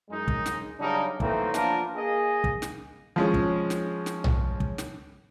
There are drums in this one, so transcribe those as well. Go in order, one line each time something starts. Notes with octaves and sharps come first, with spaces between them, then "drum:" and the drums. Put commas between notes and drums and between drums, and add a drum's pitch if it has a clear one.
F#2 G#3 D#4
drum: kick
drum: snare
C#3 F#3 G3 D4 D#4 A#4
E3 F#3 A3 A#3 C4 D#4, drum: kick
F3 A#3 B3 D4 F4 A#4, drum: snare
A#3 G#4 D#5
drum: kick
drum: snare
F3 G#3 C#4
drum: kick
drum: snare
drum: snare
drum: tom B1
drum: kick
drum: snare